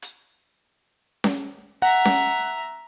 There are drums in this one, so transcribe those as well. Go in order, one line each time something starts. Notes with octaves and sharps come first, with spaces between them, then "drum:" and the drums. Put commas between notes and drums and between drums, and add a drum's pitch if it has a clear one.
drum: hi-hat
drum: snare C#4
E5 F#5 A#5
drum: snare C#4